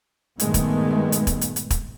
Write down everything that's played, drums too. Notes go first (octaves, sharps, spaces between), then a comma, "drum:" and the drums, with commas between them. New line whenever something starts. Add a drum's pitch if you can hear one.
G2 A#2 D#3 G#3 A3 B3, drum: hi-hat
drum: kick, hi-hat
drum: hi-hat
drum: kick, hi-hat
drum: hi-hat
drum: hi-hat
drum: kick, hi-hat